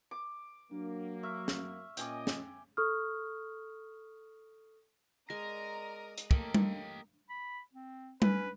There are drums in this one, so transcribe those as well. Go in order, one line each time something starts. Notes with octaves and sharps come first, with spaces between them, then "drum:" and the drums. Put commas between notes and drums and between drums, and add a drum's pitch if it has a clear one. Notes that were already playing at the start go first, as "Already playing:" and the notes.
D6
F#3 A#3 D4
E5 C#6 F6
drum: snare
A#2 C#4 D#5 G5 G#5 D6, drum: hi-hat
drum: snare
A4 C#6 D#6 F6
G#3 A#4 D5 A#5 D#6
drum: hi-hat
A3 A#3 G4 A4 D#5, drum: kick
drum: tom G3
B5
C4
C#4 B4, drum: tom G3